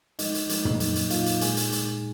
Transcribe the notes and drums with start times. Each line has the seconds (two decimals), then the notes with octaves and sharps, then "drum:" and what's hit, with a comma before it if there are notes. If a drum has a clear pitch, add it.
0.19 F3 G#3 D#4 D#5, drum: hi-hat
0.34 drum: hi-hat
0.49 F3 G#3 D#4, drum: hi-hat
0.65 drum: tom
0.80 A#2 F#3 A#3 D#4, drum: hi-hat
0.96 drum: hi-hat
1.10 A#2 F#3 A#3 D#4 F4 F5, drum: hi-hat
1.26 drum: hi-hat
1.41 A#2 G#3 D#4 G#4 G#5, drum: hi-hat
1.57 drum: hi-hat
1.72 A#2 G#3 D#4, drum: hi-hat